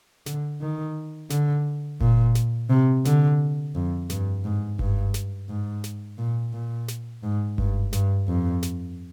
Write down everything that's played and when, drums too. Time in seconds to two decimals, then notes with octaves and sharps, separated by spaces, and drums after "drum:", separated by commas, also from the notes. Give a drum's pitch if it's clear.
0.26 D3, drum: snare
0.61 D#3
1.30 D3, drum: snare
2.01 A#2, drum: kick F#1
2.35 drum: snare
2.70 C3
3.05 D3, drum: snare
3.75 F2
4.10 G2, drum: snare
4.44 G#2
4.79 G2, drum: kick F#1
5.14 drum: snare
5.49 G#2
5.84 drum: snare
6.18 A#2
6.53 A#2
6.88 drum: snare
7.23 G#2
7.58 G2, drum: kick F#1
7.93 G2, drum: snare
8.28 F2
8.63 drum: snare